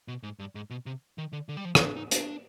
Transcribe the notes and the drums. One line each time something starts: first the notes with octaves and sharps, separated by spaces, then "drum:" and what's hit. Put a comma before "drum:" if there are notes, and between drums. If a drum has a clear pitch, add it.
B2
G#2
G2
G#2
B2
C3
D#3
D3
D3
G3
F3
F3, drum: rim click
D4
D#4
D4, drum: hi-hat